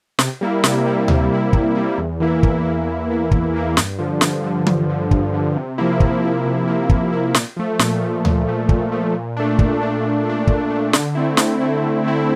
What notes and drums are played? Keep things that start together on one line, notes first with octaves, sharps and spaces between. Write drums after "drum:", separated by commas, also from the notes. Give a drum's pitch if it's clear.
C3, drum: snare
G3 A#3 E4
C3, drum: snare
G3 A#3 E4
C3, drum: tom D2
G3 A#3 E4
C3, drum: kick
G3 A#3 E4
E2
E3 A#3 E4
E2, drum: kick
E3 A#3 E4
E2
E3 A#3 E4
E2, drum: kick
E3 A#3 E4
G2, drum: snare
D3 F3
G2, drum: snare
D3 F3
G2, drum: tom E3
D3 F3
G2, drum: kick
D3 F3
C3
F3 A#3 E4
C3, drum: kick
F3 A#3 E4
C3
F3 A#3 E4
C3, drum: kick
F3 A#3 E4
A#2, drum: snare
F3 A3
A#2, drum: snare
F3 A3
A#2, drum: tom D2
F3 A3
A#2, drum: kick
F3 A3
A#2
A3 D4
A#2, drum: kick
A3 D4
A#2
A3 D4
A#2, drum: kick
A3 D4
D3, drum: snare
A3 C4 E4
D3, drum: snare
A3 C4 E4
D3
A3 C4 E4